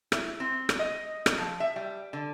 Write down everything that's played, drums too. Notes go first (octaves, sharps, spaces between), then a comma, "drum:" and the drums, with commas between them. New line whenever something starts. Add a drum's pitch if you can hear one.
E4, drum: rim click
C4
drum: rim click
D#5
drum: rim click
F3
E5
G3
D3